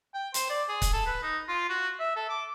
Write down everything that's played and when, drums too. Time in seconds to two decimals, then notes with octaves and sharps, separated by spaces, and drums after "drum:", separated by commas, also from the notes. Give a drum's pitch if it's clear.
0.14 G5
0.34 C5, drum: hi-hat
0.50 D5
0.69 G#4
0.82 drum: kick C#1, hi-hat
0.93 A4
1.06 B4
1.23 D#4
1.49 F4
1.69 F#4
2.00 E5
2.16 A4
2.29 D6